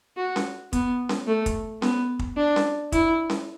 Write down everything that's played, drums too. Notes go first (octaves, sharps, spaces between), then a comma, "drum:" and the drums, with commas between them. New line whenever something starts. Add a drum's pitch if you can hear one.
F#4
drum: snare C#4
B3, drum: kick, hi-hat
drum: snare C#4
A3
drum: kick, hi-hat
B3, drum: snare C#4
drum: kick
D4
drum: snare C#4
E4, drum: kick, hi-hat
drum: snare C#4